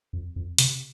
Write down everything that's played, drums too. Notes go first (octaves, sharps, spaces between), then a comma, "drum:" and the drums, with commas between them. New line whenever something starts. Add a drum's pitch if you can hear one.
F2
F2
C3, drum: hi-hat